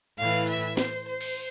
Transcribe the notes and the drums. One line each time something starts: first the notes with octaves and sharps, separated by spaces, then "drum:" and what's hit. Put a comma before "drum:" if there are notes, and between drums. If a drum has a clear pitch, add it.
A2 E3 F5
E5, drum: cymbal
C5, drum: snare
C5
drum: cymbal